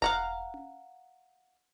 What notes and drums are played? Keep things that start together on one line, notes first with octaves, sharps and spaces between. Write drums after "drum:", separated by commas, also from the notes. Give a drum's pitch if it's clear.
F5 F#5 A#5, drum: kick E1
drum: tom C#4